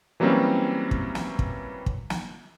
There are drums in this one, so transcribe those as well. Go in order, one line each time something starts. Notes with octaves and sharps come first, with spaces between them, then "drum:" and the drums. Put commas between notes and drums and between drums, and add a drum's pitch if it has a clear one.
E3 F#3 G3 A#3 C4 C#4
drum: kick
drum: snare
drum: kick
drum: kick
drum: snare